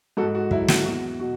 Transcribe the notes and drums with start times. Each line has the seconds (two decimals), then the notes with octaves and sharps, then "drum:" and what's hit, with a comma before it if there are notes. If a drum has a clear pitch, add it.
0.17 G#2 F#4 A4
0.35 F#4
0.51 F#3 E4, drum: kick
0.68 F#4, drum: snare
0.85 E2 F#4
1.20 B2 F#4